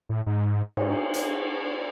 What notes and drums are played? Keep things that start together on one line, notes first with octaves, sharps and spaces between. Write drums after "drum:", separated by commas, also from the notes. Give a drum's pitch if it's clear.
A2
G#2
G#2, drum: cymbal
drum: hi-hat